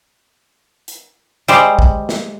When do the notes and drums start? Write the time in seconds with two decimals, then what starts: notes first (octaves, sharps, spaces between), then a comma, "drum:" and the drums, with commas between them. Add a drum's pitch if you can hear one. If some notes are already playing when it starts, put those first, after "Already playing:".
0.88 drum: hi-hat
1.48 G3 G#3 G4 C5, drum: hi-hat
1.79 drum: kick
2.09 drum: snare